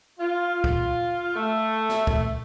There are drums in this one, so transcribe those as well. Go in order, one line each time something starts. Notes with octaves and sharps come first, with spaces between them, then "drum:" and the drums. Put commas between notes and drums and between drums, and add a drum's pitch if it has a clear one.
F4
drum: kick
A3
drum: snare
drum: kick